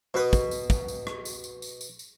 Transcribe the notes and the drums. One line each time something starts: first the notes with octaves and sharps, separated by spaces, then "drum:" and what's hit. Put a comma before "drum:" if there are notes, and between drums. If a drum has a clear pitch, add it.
B2 B4 D#6
drum: kick, tambourine
drum: tambourine
drum: kick, tambourine
drum: tambourine
drum: rim click
drum: tambourine
drum: tambourine
drum: tambourine
drum: tambourine
drum: tambourine